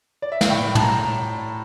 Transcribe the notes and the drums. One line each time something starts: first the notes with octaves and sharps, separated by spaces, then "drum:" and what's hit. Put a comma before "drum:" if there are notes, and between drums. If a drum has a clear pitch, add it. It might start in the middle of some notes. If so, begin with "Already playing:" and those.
D5
E5
F5, drum: snare
A2 G5
A5, drum: tom
A#5